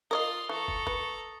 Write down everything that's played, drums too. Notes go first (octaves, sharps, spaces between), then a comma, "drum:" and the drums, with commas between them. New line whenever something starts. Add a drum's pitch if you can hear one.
F4 A#4 C#5 D#5 C6 D#6
E3 A4 A#5 C#6
drum: kick
B4, drum: kick